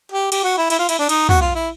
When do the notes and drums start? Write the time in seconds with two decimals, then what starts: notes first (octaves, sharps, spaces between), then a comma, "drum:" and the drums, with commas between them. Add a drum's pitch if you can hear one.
0.12 G4
0.32 G4, drum: cymbal
0.44 F#4
0.58 E4
0.70 E4, drum: cymbal
0.79 F4
0.89 E4, drum: cymbal
0.99 D4
1.09 D#4, drum: cymbal
1.29 F#4, drum: tom
1.41 F4
1.55 E4